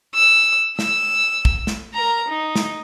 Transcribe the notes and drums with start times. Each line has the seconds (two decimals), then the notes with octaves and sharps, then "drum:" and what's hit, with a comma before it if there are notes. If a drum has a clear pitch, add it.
0.15 E6
0.79 E6, drum: snare
1.45 drum: kick
1.67 drum: snare
1.94 A#4 A#5
2.29 D#4
2.56 drum: snare